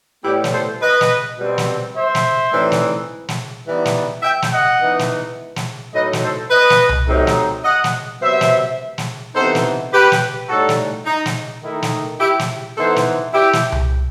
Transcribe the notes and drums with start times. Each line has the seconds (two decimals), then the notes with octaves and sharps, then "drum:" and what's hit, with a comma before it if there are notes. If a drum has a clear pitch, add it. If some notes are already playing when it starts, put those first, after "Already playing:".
0.24 A2 G3 B3 E4 G4
0.44 drum: snare
0.53 A4 C5
0.82 B4 D#5
1.01 drum: snare
1.38 B2 G3 C4
1.58 drum: snare
1.96 C5 E5
2.15 drum: snare
2.52 A2 E3 G3 C4 D#4
2.72 drum: snare
3.29 drum: snare
3.66 E3 G3 B3 D#4
3.85 drum: snare
4.23 E5 G5
4.42 drum: snare
4.52 D#5 F#5
4.80 E3 B3 D#4
4.99 drum: snare
5.56 drum: snare
5.94 A2 F#3 A3 D#4 B4 D#5
6.13 drum: snare
6.22 A4 C5
6.51 B4 D#5
6.70 drum: snare
6.89 drum: tom C2
7.08 C3 F#3 A3 C4 D#4
7.27 drum: snare
7.65 D#5 F#5
7.84 drum: snare
8.21 C3 F#3 B3 C5 E5
8.41 drum: snare
8.98 drum: snare
9.35 C3 E3 B3 D#4 A4 C5
9.55 drum: snare
9.93 G4 B4
10.12 drum: snare
10.49 A2 G3 D#4 F#4 A4
10.69 drum: snare
11.06 D#4
11.26 drum: snare
11.64 D#3 A3 D#4 E4
11.82 drum: snare
12.20 E4 G4
12.39 drum: snare
12.77 E3 B3 D#4 A4 C5
12.96 drum: snare
13.34 E4 G4
13.53 drum: snare
13.72 drum: tom C2